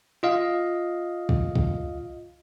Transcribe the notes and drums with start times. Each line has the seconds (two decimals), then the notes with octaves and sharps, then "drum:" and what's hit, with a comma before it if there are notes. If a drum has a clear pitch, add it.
0.23 F4 D#5 F5
1.29 drum: kick
1.55 drum: kick